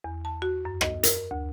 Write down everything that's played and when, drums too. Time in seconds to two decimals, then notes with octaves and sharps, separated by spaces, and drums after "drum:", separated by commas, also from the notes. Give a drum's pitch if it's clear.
0.04 E2
0.25 A5
0.42 F#4
0.65 F#2
0.81 D#5, drum: rim click
1.03 A#4, drum: hi-hat
1.31 D2